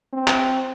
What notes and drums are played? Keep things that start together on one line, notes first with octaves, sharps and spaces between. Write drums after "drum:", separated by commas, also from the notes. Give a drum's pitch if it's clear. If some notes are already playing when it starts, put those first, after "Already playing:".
C4
drum: clap